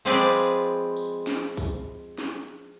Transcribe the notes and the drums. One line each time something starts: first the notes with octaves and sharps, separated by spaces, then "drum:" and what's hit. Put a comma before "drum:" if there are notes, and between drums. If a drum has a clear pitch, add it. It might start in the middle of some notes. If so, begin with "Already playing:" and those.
F3 G#3 C4 G#4 B4 D5
drum: tambourine
drum: tambourine
drum: snare
drum: kick, tambourine
drum: snare